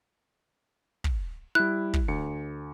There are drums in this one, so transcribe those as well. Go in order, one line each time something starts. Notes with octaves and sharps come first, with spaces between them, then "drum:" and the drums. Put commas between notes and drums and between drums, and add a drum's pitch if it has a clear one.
drum: kick
G3 E4 F#6
drum: kick
D2 C#7